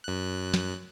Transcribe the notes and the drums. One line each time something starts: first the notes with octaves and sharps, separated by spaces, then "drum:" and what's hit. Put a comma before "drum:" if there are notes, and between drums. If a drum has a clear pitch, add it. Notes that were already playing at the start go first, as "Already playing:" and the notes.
F#2 F#6
drum: snare